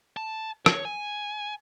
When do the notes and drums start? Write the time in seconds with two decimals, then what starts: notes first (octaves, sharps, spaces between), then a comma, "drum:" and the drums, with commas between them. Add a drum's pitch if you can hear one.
0.17 A5
0.66 C#5, drum: rim click
0.85 G#5